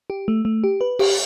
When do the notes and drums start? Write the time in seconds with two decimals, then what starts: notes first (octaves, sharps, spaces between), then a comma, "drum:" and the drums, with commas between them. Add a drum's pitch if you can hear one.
0.10 G4
0.28 A3
0.45 A3
0.64 G4
0.81 B4
0.99 G4, drum: cymbal